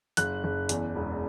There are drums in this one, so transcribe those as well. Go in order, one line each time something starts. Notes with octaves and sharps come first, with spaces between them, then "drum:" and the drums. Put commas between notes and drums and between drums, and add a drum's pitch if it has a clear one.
F#1 F#6, drum: hi-hat
F#1
E2, drum: hi-hat
E1